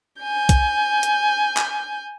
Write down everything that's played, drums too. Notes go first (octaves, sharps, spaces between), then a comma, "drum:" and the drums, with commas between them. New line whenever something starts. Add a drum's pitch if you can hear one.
G#5 G6
drum: kick, hi-hat
drum: hi-hat
drum: clap